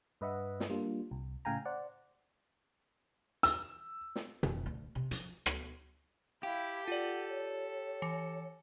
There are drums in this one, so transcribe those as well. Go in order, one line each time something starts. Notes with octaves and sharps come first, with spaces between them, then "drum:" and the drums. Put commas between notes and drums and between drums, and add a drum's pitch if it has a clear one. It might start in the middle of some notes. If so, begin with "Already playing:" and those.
G2 B4 D#5 E5 F#5
drum: snare
G3 A#3 D4 F4
C2
A2 C#3 F5 G5 G#5 A#5
C5 D5 F#5
E6, drum: hi-hat
drum: snare
F1, drum: tom B2
D2
C3
F3, drum: hi-hat
drum: rim click
E4 G4 F5
F4 A4 D5 F#5
C#5
E3 C#7